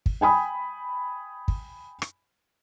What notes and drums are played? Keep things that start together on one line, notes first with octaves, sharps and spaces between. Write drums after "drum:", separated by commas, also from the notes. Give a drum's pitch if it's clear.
drum: kick
G5 G#5 B5 D#6
drum: kick
drum: rim click